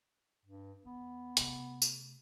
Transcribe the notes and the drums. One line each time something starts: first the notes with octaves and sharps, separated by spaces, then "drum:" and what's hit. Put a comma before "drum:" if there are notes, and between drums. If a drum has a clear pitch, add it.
G2
E2 B3
C3 A3, drum: hi-hat
drum: tambourine